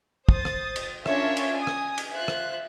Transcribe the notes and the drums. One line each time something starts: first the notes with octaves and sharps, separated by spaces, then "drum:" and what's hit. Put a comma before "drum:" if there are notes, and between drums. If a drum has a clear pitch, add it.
C5 D#6 A6, drum: kick
drum: rim click
drum: cymbal
C#4 D4 F4 A#4 C#5 E5, drum: rim click
drum: cymbal
G#5 D#6
drum: rim click
drum: cymbal
F4 C5 E5 F#6
drum: rim click